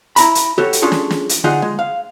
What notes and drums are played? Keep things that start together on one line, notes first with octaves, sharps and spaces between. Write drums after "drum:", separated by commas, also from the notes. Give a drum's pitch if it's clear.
E4 A#5 B5, drum: hi-hat
drum: hi-hat
F#4 G4 A4 C#5
drum: hi-hat
C#4 D4 F4 G#4 A4
drum: snare
drum: snare
drum: hi-hat
D3 D#4 F4 G#4 F#5
G#3
F5